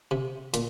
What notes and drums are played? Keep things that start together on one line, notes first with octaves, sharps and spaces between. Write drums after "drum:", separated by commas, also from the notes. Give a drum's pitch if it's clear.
C3
A#2, drum: hi-hat